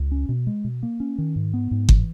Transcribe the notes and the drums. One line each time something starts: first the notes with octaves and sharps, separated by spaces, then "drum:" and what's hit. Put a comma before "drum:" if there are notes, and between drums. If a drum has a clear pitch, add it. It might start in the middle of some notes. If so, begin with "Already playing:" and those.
Already playing: C#2
C#4
B2
G#3
B2
A#3
C#4
D#3
G#2
B3
G#2
E3, drum: kick G1